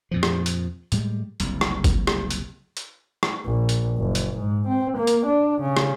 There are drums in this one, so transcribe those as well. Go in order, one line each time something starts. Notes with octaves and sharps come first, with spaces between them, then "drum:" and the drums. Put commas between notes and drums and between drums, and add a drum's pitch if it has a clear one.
F2 A#2 F3
drum: rim click
drum: hi-hat
A2 G3 G#3, drum: hi-hat
F#1 C2, drum: hi-hat
drum: rim click
drum: kick G1, hi-hat
drum: rim click
drum: hi-hat
drum: hi-hat
drum: rim click
A#1
drum: hi-hat
F#1
drum: hi-hat
G#2
C4
A#3
drum: hi-hat
D4
C#3
drum: rim click